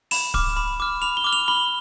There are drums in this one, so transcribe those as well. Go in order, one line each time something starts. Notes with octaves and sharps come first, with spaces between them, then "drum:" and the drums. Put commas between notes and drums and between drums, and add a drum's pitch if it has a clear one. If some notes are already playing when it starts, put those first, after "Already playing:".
B5 E7, drum: open hi-hat
D6 F6, drum: kick D1
B5
D6 F6
B5 F7
G7
D6 F6
F7
B5 G7